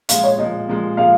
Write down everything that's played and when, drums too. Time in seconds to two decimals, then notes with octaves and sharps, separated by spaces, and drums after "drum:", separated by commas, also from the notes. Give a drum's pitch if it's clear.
0.09 A#2 F3 G#3 F5, drum: hi-hat
0.24 C#5
0.38 A#2 F3 G#3 D#5
0.69 A#2 F3 G#3
0.97 A#2 F3 G#3 F5